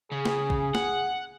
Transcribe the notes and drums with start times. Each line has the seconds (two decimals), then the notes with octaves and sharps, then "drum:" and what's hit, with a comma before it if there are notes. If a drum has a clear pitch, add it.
0.12 C#3 G#4
0.25 drum: snare
0.50 drum: kick A#1
0.75 F#5, drum: snare